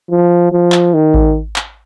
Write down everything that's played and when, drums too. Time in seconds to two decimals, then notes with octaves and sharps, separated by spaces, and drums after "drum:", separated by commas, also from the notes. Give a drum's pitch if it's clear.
0.10 F3
0.52 F3
0.72 drum: clap
0.94 D#3
1.14 drum: kick A1
1.56 drum: clap